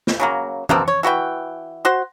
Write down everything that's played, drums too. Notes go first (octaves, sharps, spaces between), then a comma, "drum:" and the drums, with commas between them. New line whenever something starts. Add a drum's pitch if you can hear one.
drum: snare
C#3 F#3 A#3
B2 A#3 C4 A4, drum: tom
C#5
E3 F#4 B4 G5
F#4 C5 C6